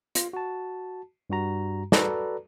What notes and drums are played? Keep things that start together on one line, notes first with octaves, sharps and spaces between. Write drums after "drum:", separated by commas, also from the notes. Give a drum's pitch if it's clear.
F4, drum: hi-hat
F#4 A5
G2 G3 F#4 A#5
F#4 A4 B4 D5 A#5, drum: snare